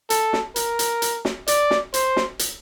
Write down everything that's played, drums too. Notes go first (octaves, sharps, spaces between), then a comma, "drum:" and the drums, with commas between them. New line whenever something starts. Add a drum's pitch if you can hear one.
A4, drum: hi-hat
drum: snare
A#4, drum: hi-hat
drum: hi-hat
drum: hi-hat
drum: snare
D5, drum: hi-hat
drum: snare
C5, drum: hi-hat
drum: snare
drum: hi-hat